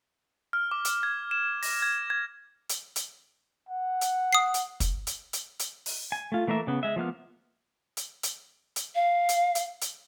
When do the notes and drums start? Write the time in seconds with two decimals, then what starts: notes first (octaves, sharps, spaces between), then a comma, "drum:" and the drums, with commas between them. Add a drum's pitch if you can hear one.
0.53 F6
0.71 D6
0.85 drum: hi-hat
1.03 G#6
1.31 E7
1.62 A#6, drum: open hi-hat
1.82 G#6
2.10 G#6
2.69 drum: hi-hat
2.96 drum: hi-hat
3.69 F#5
4.01 drum: hi-hat
4.33 D#6 C7
4.54 drum: hi-hat
4.80 drum: kick, hi-hat
5.07 drum: hi-hat
5.33 drum: hi-hat
5.59 drum: hi-hat
5.86 drum: open hi-hat
6.12 G#5
6.32 A3 F4
6.48 E3 A3 A#3 A#4 E5
6.67 C#3 B3
6.83 G#3 E5
6.96 F3 A#3 B3 F6
7.97 drum: hi-hat
8.23 drum: hi-hat
8.76 drum: hi-hat
8.95 F5
9.29 drum: hi-hat
9.55 drum: hi-hat
9.81 drum: hi-hat